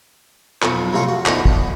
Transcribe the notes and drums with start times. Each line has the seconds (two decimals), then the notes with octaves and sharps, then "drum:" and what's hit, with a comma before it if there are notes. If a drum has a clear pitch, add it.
0.62 B1 F2, drum: clap
0.93 F2 A2 C3 A3 F4 A4
1.08 F#4
1.26 B2 D3 E3 F3 D#4 E4, drum: clap
1.45 B3, drum: kick